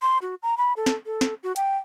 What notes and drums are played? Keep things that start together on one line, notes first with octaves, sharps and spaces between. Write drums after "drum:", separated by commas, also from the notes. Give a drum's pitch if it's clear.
C6
F#4
A#5
B5
A4
drum: snare
A4
drum: snare
F#4
G5, drum: hi-hat